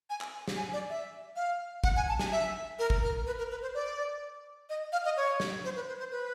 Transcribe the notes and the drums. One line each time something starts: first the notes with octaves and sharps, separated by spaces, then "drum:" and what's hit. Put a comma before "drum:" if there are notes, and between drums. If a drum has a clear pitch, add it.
G#5
drum: clap
drum: snare
G#5
D5
E5
F5
F#5, drum: kick
G#5
A5
G#5, drum: snare
E5
A#4
drum: kick
A#4
B4
A#4
B4
C5
D5
D#5
F5
D#5
C#5
drum: snare
C5
B4
C5
C5
B4